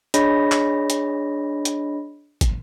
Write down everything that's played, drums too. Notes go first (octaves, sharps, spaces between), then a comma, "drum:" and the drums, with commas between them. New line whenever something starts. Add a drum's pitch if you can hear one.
D4 G#4 C#5 D#5 B5 A#6, drum: hi-hat
drum: clap
drum: hi-hat
drum: hi-hat
drum: kick, hi-hat